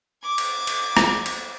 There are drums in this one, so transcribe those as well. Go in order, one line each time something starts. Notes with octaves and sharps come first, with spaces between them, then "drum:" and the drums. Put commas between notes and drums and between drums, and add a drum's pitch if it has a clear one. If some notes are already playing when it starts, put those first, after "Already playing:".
D6 G#6
drum: cymbal
drum: cymbal
drum: rim click
drum: cymbal